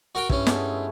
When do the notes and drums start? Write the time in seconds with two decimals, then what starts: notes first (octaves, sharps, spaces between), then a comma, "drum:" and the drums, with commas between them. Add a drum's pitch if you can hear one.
0.15 F#4 A#4 G5 C#6
0.30 G2 C#4 E4, drum: kick
0.47 G#3 A3 B3, drum: snare